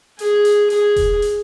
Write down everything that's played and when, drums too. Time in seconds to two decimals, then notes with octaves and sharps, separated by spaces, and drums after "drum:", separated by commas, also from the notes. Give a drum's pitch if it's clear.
0.19 G#4, drum: hi-hat
0.45 drum: hi-hat
0.70 G#4, drum: hi-hat
0.96 drum: kick E1, hi-hat
1.22 drum: hi-hat